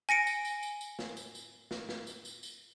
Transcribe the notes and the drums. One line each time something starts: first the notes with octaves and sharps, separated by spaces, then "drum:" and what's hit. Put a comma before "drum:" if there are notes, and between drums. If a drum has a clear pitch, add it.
G#5 A#6 C#7 D7
drum: tambourine
drum: tambourine
drum: tambourine
drum: tambourine
drum: snare
drum: tambourine
drum: tambourine
drum: snare
drum: snare
drum: tambourine
drum: tambourine
drum: tambourine